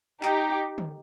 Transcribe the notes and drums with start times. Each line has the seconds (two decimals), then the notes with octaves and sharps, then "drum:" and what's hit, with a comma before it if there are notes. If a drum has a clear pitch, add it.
0.23 D#4 G4, drum: clap
0.78 drum: tom D3